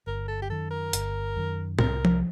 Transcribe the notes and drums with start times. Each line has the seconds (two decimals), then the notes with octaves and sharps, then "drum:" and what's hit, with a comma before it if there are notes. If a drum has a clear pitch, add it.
0.07 G1 A#4
0.28 A4
0.42 G4
0.50 F#2 D#3 A4
0.71 A#4
0.93 G1, drum: hi-hat
1.36 F#2 D#3
1.79 C2 A#4, drum: tom A2
2.05 drum: tom F3